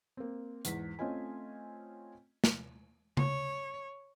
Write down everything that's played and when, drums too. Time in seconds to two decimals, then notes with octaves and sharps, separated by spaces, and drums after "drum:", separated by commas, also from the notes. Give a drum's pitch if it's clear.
0.17 A#3 C4
0.65 E2 G#2 B6, drum: hi-hat
0.99 A3 C4 C#4 F4 D#5 G#5
2.44 drum: snare
3.17 C#5, drum: tom C#3